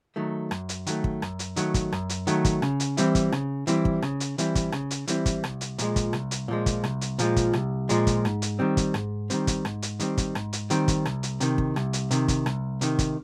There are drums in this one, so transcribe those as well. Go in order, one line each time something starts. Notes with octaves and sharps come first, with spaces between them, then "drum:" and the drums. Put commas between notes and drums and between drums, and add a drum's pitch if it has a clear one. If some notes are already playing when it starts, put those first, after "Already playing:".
D#3 F#3 A3
F#2, drum: rim click
drum: hi-hat
D#3 F#3 A3, drum: hi-hat
drum: kick
F#2, drum: rim click
drum: hi-hat
D#3 F#3 A3, drum: hi-hat
drum: kick, hi-hat
F#2, drum: rim click
drum: hi-hat
D#3 F#3 A3, drum: hi-hat
drum: kick, hi-hat
C#3, drum: rim click
drum: hi-hat
E3 G3 C4 E4, drum: hi-hat
drum: kick, hi-hat
C#3, drum: rim click
E3 G3 C4 E4, drum: hi-hat
drum: kick
C#3, drum: rim click
drum: hi-hat
E3 G3 C4 E4, drum: hi-hat
drum: kick, hi-hat
C#3, drum: rim click
drum: hi-hat
E3 G3 C4 E4, drum: hi-hat
drum: kick, hi-hat
C2, drum: rim click
drum: hi-hat
A#2 F3 G#3, drum: hi-hat
drum: kick, hi-hat
C2, drum: rim click
drum: hi-hat
A#2 F3 G#3
drum: kick, hi-hat
C2, drum: rim click
drum: hi-hat
A#2 F3 G#3, drum: hi-hat
drum: kick, hi-hat
C2, drum: rim click
A#2 F3 G#3, drum: hi-hat
drum: kick, hi-hat
G#2, drum: rim click
drum: hi-hat
D#3 G3 C4
drum: kick, hi-hat
G#2, drum: rim click
D#3 G3 C4, drum: hi-hat
drum: kick, hi-hat
G#2, drum: rim click
drum: hi-hat
D#3 G3 C4, drum: hi-hat
drum: kick, hi-hat
G#2, drum: rim click
drum: hi-hat
D#3 G3 C4, drum: hi-hat
drum: kick, hi-hat
C2, drum: rim click
drum: hi-hat
C3 D#3, drum: hi-hat
drum: kick
C2, drum: rim click
drum: hi-hat
C3 D#3, drum: hi-hat
drum: kick, hi-hat
C2, drum: rim click
C3 D#3, drum: hi-hat
drum: kick, hi-hat